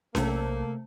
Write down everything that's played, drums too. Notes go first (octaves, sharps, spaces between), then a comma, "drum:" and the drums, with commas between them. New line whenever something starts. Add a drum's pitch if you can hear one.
B1 C3 A3 A#3, drum: snare C#4